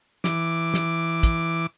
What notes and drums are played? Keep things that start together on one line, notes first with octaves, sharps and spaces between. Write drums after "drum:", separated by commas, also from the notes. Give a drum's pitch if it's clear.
E3 D6, drum: snare
drum: snare
drum: kick, hi-hat